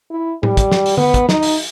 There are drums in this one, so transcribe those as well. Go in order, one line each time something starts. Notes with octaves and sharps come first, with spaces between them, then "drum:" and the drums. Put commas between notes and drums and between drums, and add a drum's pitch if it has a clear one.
E4
G3, drum: tom A2
drum: kick, hi-hat
drum: snare
drum: open hi-hat
B3, drum: tom D3
drum: kick, hi-hat
D#4, drum: snare
drum: open hi-hat